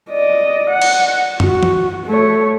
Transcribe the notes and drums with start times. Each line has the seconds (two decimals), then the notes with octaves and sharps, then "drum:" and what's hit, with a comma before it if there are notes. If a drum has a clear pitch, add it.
0.10 D5 D#5
0.70 F#5
0.82 drum: cymbal
1.40 F#4, drum: tom
1.63 drum: tom E3
2.06 A3 C#5